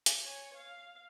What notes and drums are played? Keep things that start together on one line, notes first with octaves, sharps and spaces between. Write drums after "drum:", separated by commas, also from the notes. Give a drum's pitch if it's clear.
drum: hi-hat
C#5 G#5
F5